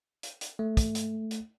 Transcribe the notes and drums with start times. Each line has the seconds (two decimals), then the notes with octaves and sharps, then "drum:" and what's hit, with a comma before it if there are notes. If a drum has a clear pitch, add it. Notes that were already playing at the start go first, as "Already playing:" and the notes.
0.23 drum: hi-hat
0.41 drum: hi-hat
0.59 A3
0.77 drum: kick, hi-hat
0.95 drum: hi-hat
1.31 drum: hi-hat